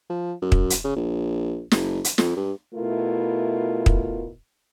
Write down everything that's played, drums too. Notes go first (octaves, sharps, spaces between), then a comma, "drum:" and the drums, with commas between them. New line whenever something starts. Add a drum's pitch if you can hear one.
F3
F#2
drum: kick
drum: hi-hat
C#3
A#1
F#1, drum: snare
drum: hi-hat
F2, drum: snare
G2
B2 A3 E4 F4 A#4
drum: kick